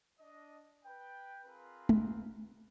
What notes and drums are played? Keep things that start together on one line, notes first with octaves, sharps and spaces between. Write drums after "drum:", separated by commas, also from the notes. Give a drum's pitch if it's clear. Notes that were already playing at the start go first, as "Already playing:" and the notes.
D4 D#5
B4 G5
C4 F4 G#4 A#4 B4
drum: tom